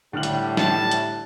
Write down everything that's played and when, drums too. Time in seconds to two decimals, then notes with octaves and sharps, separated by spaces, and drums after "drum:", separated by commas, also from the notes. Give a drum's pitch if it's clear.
0.13 A2 D3 G3 F6 F#7
0.23 drum: hi-hat
0.57 A5, drum: snare
0.91 drum: hi-hat